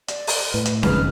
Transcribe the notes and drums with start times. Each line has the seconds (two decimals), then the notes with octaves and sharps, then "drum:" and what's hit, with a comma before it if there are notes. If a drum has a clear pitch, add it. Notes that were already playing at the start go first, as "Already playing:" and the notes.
0.08 D5, drum: hi-hat
0.27 drum: open hi-hat
0.54 A2 B4
0.66 drum: hi-hat
0.83 F#1 F2 D#3 G#4 B4 F6, drum: snare C#4